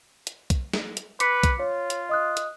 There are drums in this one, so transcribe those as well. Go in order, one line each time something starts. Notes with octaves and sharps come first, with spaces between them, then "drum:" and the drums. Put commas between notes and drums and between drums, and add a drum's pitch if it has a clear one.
drum: hi-hat
drum: kick B1, hi-hat
drum: snare
drum: hi-hat
B4 D6 B6 C#7, drum: hi-hat
drum: kick B1, hi-hat
F4 C#5
drum: hi-hat
D#5 D#6 F#6
drum: hi-hat